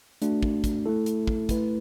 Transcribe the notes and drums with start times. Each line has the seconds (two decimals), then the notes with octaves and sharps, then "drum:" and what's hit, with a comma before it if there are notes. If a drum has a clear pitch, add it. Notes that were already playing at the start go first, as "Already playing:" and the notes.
0.22 A3 D4 F#4, drum: hi-hat
0.43 drum: kick
0.64 drum: kick, hi-hat
0.86 A3 E4 A4
1.06 drum: hi-hat
1.27 drum: kick
1.49 A3 E4 B4, drum: kick, hi-hat